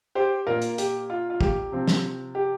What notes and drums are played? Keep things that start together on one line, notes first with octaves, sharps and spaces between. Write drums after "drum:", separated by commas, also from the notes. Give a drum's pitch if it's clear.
G4 C5
A#2 A#3 F4 A#4
drum: hi-hat
G4, drum: hi-hat
F4
F4
G4, drum: kick
C3 F3 C4
drum: snare
G4